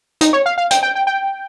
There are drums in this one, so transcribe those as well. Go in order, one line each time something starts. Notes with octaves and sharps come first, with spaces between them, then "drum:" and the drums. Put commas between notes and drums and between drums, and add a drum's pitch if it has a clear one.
D#4, drum: hi-hat
C#5
F5
F5
G5, drum: hi-hat
G5
G5
G5